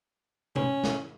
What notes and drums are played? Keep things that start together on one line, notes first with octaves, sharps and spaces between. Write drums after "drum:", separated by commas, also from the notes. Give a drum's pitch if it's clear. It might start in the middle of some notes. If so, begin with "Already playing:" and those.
C#4, drum: tom C3
drum: snare